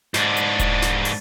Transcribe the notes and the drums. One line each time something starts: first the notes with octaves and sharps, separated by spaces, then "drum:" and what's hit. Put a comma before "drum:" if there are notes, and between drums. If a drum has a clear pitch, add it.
G#2 D4, drum: snare
drum: hi-hat
drum: kick D#1, hi-hat
drum: snare
drum: open hi-hat